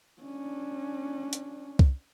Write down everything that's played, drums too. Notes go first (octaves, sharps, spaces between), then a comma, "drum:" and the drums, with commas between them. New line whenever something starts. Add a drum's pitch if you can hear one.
C#4 D4
drum: hi-hat
drum: kick C2